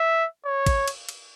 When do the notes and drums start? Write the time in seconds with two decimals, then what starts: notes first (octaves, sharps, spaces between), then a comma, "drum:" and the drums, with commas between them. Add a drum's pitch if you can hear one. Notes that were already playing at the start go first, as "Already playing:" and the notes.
Already playing: E5
0.45 C#5
0.66 drum: kick G#1, cymbal
0.88 drum: cymbal
1.09 drum: cymbal